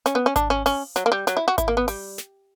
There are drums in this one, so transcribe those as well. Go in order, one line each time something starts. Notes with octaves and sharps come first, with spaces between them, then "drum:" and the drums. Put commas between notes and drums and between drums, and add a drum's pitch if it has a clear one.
C#4, drum: snare
B3
C#4
D4, drum: kick G#1, hi-hat
C#4
C#4, drum: open hi-hat
F#3, drum: snare
A#3
G3
F#3, drum: snare
E4
F#4
E4, drum: kick G#1, hi-hat
A#3
B3
G3, drum: open hi-hat
drum: snare